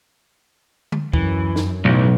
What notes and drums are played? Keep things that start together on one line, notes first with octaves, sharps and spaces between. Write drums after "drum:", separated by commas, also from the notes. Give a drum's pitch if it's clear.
drum: tom D3
F#2 E3, drum: kick
drum: snare
B1 A2 E3 F#3